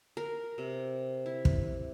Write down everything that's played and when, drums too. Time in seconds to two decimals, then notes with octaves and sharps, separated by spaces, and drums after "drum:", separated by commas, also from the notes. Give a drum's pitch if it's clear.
0.17 A#4
0.58 C3
1.26 E4
1.45 drum: kick